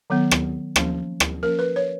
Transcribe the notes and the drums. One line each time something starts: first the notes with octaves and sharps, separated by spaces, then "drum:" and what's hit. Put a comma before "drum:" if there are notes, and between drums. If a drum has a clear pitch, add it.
D#3 F#3 B3
drum: rim click
F3 A#3 C#4, drum: rim click
drum: rim click
F3 A#3 C#4 A#4
B4
C#5